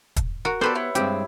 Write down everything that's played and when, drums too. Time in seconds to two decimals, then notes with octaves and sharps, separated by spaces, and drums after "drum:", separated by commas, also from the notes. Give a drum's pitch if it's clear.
0.16 drum: kick, hi-hat
0.45 F#4 A#4
0.61 B3 G4 A4 B4 C5 D5 D6
0.75 E4 C#5
0.95 G2 G#3 C4 G4, drum: hi-hat